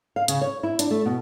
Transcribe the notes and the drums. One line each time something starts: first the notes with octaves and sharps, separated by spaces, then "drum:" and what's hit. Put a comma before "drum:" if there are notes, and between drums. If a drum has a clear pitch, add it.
F5
C#3, drum: hi-hat
C#5
E4
D4, drum: hi-hat
A3
B2